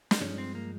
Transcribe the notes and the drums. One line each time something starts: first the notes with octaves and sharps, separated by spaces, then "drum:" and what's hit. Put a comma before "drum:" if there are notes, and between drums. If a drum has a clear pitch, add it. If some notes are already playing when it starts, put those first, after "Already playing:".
drum: snare
G2 F3 G#3 C#4
C4
A#3